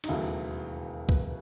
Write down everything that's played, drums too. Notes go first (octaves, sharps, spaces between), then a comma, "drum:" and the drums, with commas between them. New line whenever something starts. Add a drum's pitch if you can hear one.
D#4, drum: cymbal
E1 D#2 C#3 F#3 A3 E4
B4, drum: kick